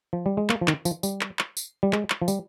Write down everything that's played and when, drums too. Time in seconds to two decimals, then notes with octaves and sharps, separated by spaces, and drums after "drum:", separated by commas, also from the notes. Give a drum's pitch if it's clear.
0.13 F3
0.26 G3
0.37 G#3
0.49 A#3, drum: clap
0.61 F3
0.68 D#3, drum: clap
0.85 F3, drum: tambourine
1.03 G3, drum: tambourine
1.21 drum: clap
1.39 drum: clap
1.57 drum: tambourine
1.83 G3
1.93 G#3, drum: clap
2.10 drum: clap
2.22 F3
2.28 G3, drum: tambourine